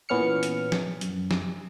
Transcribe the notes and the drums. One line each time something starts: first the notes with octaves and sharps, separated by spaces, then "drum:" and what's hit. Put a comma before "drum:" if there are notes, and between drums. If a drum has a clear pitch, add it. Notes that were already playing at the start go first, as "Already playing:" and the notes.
A#2 E3 B3 C#4 F6 C#7
drum: hi-hat
drum: snare
F#2, drum: hi-hat
drum: snare